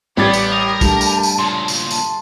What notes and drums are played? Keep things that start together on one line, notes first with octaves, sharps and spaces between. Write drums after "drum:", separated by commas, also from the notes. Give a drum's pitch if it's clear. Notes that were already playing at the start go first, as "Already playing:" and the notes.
A1 G3 B3 G4 D5 G#6 A6 C7
drum: tambourine
A#4 A#5 D#6
G2 A3 A5, drum: kick, tambourine
drum: tambourine
drum: tambourine
A#2 C#3 C6
drum: tambourine
A5, drum: tambourine